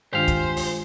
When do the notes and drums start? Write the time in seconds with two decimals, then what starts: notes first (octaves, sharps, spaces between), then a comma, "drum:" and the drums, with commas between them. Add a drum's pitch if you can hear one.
0.13 G2 D#3 G#3 D4 F4 G4 C5 F5
0.28 drum: kick, hi-hat
0.57 drum: open hi-hat